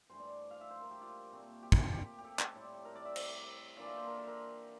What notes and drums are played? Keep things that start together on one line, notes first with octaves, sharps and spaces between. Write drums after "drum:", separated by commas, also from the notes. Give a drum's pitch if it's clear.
G2 E3 A3 C5
D5
F5
E5
C5
A#4
G4
F4
A#2 A3 C4
G4
drum: kick
G4
G4
A4
A4, drum: clap
A2 G3 C4 E4
A#4
D5
E5
E5, drum: cymbal
E3 A#3 D4 F4 D5
E5
C5
A#4
A4
A#4